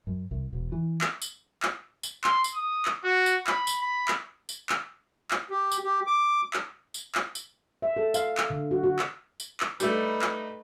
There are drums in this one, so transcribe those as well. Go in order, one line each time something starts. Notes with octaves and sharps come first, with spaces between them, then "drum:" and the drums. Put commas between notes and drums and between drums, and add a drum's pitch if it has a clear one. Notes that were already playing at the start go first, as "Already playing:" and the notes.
F#2
C2
E1
E3
drum: clap
drum: tambourine
drum: clap
drum: tambourine
C6, drum: clap
drum: tambourine
D#6
drum: clap
F#4
drum: tambourine
B5, drum: clap
drum: tambourine
B5
drum: clap
drum: tambourine
drum: clap
drum: clap
G4
drum: tambourine
G4
D6
drum: clap
drum: tambourine
drum: clap
drum: tambourine
E5
A4
F5, drum: tambourine
drum: clap
D3
F#4
F#4
drum: clap
drum: tambourine
drum: clap
G3 A3 D#4 B4, drum: tambourine
drum: clap